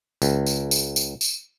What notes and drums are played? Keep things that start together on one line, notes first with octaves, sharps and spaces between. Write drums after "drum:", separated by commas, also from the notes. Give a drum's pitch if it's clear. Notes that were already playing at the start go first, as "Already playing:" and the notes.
C#2, drum: tambourine
drum: tambourine
drum: tambourine
drum: tambourine
drum: tambourine